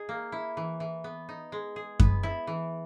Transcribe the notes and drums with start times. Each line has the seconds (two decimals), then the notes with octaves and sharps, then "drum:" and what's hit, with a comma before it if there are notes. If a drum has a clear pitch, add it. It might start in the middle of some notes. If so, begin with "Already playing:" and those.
Already playing: D#4 G#4
0.09 A#3
0.32 E4
0.57 E3
0.80 E3
1.04 B3
1.29 D#4
1.52 G#3
1.76 G#4
2.00 B3, drum: kick F#2
2.23 E4
2.47 E3